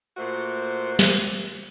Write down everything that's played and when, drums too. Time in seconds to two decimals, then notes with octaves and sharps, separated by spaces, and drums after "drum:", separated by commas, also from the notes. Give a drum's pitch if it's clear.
0.17 A#2 A3 F#4 C5
0.99 drum: snare